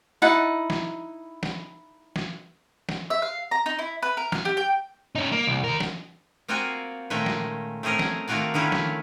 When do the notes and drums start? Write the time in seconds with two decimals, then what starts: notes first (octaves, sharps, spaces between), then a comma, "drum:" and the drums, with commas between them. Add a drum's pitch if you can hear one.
0.22 D#4 E4 F#5 A5
0.70 drum: snare
1.43 drum: snare
2.16 drum: snare
2.89 drum: snare
3.10 E5
3.22 F5
3.51 A#5
3.66 D#4
3.79 E4
4.03 B4
4.17 A#4
4.32 F6, drum: snare
4.45 G4
4.57 G5
5.15 C#4 D#4
5.32 A#3
5.47 C2
5.64 D#2 A#4
5.80 drum: snare
6.48 A#3 C4 F4 F#4 G5 G#5
7.10 A#2 D#3 G#3 A3 C#4 G5
7.26 drum: snare
7.83 A3 C4 C#4 G#4 A#4
7.99 drum: snare
8.28 D#3 A3 A#3 F4 F#4 D5
8.54 D3 D#3 C#4 E4 F4
8.72 drum: snare